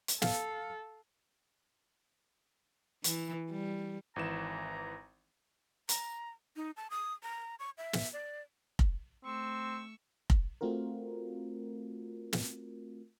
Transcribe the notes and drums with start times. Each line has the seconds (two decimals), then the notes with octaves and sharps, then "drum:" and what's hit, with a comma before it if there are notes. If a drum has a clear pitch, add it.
0.08 drum: hi-hat
0.22 A4 F5, drum: snare
3.04 E3, drum: hi-hat
3.50 G3
4.16 G#1 E3 A#5 E7
5.89 A#5, drum: hi-hat
6.56 D#4
6.77 A5
6.90 D#6
7.23 A#5
7.59 C#6
7.78 E5
7.93 drum: snare
8.13 D5
8.79 drum: kick F1
9.25 A3 C4 C#6 E6
10.30 drum: kick F1
10.61 A3 C4 F4 F#4 A#4
12.33 drum: snare